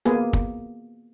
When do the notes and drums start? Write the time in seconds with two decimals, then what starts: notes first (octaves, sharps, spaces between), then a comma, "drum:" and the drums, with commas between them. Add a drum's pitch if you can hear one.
0.06 A#3 B3 G#4, drum: hi-hat
0.33 drum: kick